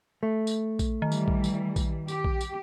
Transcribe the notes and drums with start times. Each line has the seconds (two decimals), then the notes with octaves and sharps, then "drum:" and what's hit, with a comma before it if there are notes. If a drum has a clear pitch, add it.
0.23 A3
0.47 drum: tambourine
0.79 drum: kick A#1, tambourine
1.02 D#3 E3 G3
1.12 drum: tambourine
1.28 drum: kick A#1
1.44 drum: tambourine
1.76 drum: kick A#1, tambourine
2.08 G4, drum: tambourine
2.24 drum: kick A#1
2.41 drum: tambourine